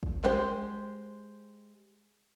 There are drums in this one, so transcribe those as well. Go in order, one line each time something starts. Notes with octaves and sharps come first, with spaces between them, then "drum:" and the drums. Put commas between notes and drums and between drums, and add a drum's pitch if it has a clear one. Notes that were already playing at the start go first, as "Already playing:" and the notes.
drum: kick
G#3 G4 C5, drum: clap